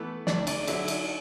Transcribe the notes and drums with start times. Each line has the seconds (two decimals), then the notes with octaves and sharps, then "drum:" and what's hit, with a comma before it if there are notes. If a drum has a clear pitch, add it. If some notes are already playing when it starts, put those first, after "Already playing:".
Already playing: E3 A3 B3 B4
0.27 D2 D4 D5, drum: snare
0.47 D4 D5, drum: cymbal
0.67 D3 F#3 E4 E5, drum: cymbal
0.88 drum: cymbal